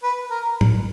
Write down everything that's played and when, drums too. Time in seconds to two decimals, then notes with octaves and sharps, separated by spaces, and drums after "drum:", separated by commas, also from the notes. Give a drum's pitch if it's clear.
0.03 B4
0.31 A#4
0.61 drum: tom